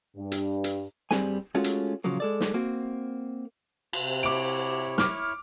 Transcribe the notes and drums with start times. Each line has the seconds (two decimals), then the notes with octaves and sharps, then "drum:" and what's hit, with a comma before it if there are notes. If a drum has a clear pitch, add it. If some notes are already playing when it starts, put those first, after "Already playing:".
0.17 G2
0.32 drum: hi-hat
0.64 drum: hi-hat
1.11 G2 G3 C4 G#4 G#5, drum: snare
1.55 G#3 A3 C#4 F4 F#4 G#4
1.64 drum: hi-hat
2.04 A#2 C#3 F3 F#3 A#3
2.20 G#3 A4 D5
2.41 drum: snare
2.54 A#3 C4 F#4
3.93 C3, drum: cymbal
4.23 E4 C#5 D6 D7
4.98 D6 F6, drum: snare